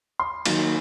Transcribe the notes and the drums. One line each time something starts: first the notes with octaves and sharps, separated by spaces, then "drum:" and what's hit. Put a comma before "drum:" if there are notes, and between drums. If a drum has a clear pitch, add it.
C6
D#3 F#3 A#3 D#4, drum: cymbal